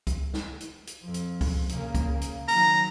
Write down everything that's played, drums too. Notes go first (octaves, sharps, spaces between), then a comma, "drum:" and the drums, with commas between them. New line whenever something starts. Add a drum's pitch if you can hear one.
drum: kick C2, hi-hat
drum: snare
drum: hi-hat
drum: hi-hat
F2
drum: hi-hat
drum: kick C2, open hi-hat
C#3 A#3, drum: hi-hat
drum: kick C2, hi-hat
drum: hi-hat
D#3 F#3 A#5, drum: open hi-hat